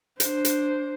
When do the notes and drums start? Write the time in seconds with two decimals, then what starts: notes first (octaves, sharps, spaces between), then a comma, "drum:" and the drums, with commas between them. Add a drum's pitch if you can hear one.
0.20 D4 C5, drum: hi-hat
0.45 drum: hi-hat